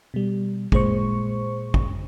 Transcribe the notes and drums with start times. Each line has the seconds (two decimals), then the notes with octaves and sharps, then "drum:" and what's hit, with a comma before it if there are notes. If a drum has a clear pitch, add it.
0.14 B2 G3
0.72 A#2 G#3 C5 C#6, drum: kick
1.74 drum: kick